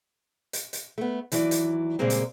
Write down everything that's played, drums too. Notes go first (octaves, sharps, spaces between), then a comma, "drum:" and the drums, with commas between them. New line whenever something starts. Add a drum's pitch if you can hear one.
drum: hi-hat
drum: hi-hat
A3 B3
D#2 E3 F#3 D5, drum: hi-hat
drum: hi-hat
A#2 C#3 G3 G#3 A#3 C4
drum: hi-hat